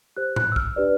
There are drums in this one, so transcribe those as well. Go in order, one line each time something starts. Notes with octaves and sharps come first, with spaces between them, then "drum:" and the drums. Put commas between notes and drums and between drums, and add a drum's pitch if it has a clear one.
G4 C5 F#6
F#6, drum: tom G#2
E6
F6, drum: kick A#1
D4 G4 B4 D5